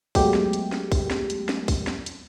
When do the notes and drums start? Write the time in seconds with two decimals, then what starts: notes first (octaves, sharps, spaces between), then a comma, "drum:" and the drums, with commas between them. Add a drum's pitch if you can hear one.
0.15 F#3 G#3 A3 B3 G4, drum: kick, open hi-hat
0.34 drum: snare
0.53 drum: hi-hat
0.72 drum: snare
0.92 drum: kick, open hi-hat
1.11 drum: snare
1.30 drum: hi-hat
1.49 drum: snare
1.68 drum: kick, open hi-hat
1.87 drum: snare
2.06 drum: hi-hat